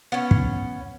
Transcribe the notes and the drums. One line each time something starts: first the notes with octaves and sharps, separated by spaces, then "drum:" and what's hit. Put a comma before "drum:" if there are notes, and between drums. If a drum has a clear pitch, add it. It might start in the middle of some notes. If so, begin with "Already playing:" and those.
B3 C#4
drum: kick